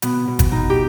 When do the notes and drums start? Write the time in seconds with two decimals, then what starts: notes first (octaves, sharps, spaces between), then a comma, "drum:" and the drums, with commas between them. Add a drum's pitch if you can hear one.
0.02 B2 B3, drum: hi-hat
0.28 B2
0.39 drum: kick, hi-hat
0.51 B2 D#4
0.70 G4